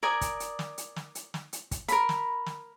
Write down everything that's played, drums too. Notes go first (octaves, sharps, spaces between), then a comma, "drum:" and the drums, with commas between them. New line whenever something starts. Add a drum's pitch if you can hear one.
A#4 D5 G#5 D#6
drum: kick, hi-hat
drum: hi-hat
drum: snare
drum: hi-hat
drum: snare
drum: hi-hat
drum: snare
drum: hi-hat
drum: kick, hi-hat
A#4 B5, drum: hi-hat
drum: snare
drum: snare